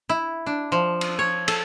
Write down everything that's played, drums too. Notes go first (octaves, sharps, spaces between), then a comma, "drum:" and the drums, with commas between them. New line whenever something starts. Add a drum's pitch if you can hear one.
E4
D4
F3
drum: cymbal
C#5
A4, drum: cymbal